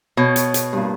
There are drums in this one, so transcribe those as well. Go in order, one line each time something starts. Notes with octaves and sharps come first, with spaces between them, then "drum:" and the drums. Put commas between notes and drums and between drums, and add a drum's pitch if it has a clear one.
B2 C#5
drum: hi-hat
drum: hi-hat
G2 A#2